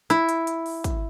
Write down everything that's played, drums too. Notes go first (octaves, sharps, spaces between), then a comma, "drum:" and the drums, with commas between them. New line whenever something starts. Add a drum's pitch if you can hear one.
E4, drum: hi-hat
drum: hi-hat
drum: hi-hat
drum: open hi-hat
drum: kick, hi-hat